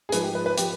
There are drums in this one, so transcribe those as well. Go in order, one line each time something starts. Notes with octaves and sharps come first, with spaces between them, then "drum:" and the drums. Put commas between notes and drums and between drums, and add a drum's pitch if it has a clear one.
G#4
G#2 F3 B4, drum: hi-hat
G4
B4
B4
F3 G4, drum: hi-hat